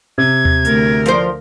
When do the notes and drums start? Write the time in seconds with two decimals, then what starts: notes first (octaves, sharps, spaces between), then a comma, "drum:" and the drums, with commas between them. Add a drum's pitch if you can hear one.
0.18 C3 G#6
0.45 drum: tom D#2
0.65 D2 A#4, drum: hi-hat
1.06 F3 C5, drum: hi-hat